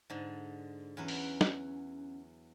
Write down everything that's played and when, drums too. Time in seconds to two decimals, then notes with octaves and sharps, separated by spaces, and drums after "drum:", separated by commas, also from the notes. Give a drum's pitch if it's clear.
0.10 G#2 D3
0.97 E2 F#3 C#4 B4
1.08 drum: open hi-hat
1.41 drum: snare